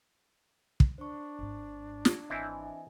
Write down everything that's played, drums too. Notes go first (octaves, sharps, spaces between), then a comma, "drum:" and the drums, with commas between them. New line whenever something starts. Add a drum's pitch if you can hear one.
drum: kick
D4 C5 C#6
G#1 G#2
drum: snare
G#1 E3 C4 E4 D#5 E5 G#5